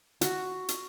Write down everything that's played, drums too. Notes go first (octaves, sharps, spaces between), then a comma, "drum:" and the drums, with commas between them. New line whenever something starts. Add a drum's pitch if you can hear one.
F#4, drum: hi-hat
drum: hi-hat